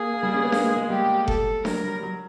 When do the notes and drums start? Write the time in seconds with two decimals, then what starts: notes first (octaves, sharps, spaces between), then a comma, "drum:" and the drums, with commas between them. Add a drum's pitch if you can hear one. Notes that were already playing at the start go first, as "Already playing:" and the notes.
Already playing: A#3 G#4
0.13 A#3
0.23 G3
0.33 C#4
0.42 B3
0.52 A#3, drum: snare D4
0.64 G#3
0.77 G#3
0.89 G3 G4
1.28 A4, drum: kick F#1
1.65 F#3 A#4, drum: snare D4
1.84 G3
2.03 F#3